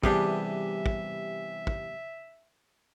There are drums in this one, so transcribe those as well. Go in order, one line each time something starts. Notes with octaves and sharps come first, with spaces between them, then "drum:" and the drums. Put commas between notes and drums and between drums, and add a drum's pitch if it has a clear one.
C3 E3 G3 B3 D4 G4 G#4 E5, drum: kick
drum: kick
drum: kick